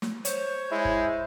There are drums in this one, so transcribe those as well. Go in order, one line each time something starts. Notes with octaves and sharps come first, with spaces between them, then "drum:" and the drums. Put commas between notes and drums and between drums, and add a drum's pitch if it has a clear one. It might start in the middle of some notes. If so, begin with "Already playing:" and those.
drum: snare
C5 C#5, drum: hi-hat
G#3 E4
drum: kick